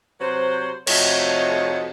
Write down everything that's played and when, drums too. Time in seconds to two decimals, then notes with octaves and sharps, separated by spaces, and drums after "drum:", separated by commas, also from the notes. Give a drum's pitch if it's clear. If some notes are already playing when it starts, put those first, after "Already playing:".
0.20 C3 F#3 B4 C5
0.87 F2 C3 A3 D#4 F#4 C#5, drum: cymbal